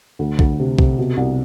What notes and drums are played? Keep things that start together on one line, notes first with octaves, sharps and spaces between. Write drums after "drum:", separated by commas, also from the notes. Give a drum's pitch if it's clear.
D2
D2, drum: kick B1
C3
C3, drum: kick B1
B2
C2